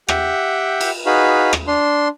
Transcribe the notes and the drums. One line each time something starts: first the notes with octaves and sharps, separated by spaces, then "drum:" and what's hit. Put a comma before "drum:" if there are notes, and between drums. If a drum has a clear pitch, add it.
G4 E5 F#5 G5, drum: rim click
drum: cymbal
D#4 F#4 G#4 B4 F5 B5
drum: rim click
D4 C6